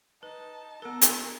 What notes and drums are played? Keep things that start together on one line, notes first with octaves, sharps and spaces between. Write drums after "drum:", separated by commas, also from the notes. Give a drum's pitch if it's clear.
D#4 B4 A5
B3 A4 A#4 A#5
drum: hi-hat